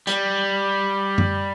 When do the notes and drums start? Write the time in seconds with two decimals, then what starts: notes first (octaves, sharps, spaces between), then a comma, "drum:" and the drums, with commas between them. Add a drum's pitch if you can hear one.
0.07 G3, drum: hi-hat
1.18 drum: tom F#2